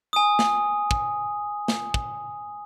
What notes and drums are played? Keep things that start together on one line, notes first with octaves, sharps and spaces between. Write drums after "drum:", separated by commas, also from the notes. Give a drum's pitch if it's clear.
G#5 D#6
drum: snare
drum: kick
drum: snare
drum: kick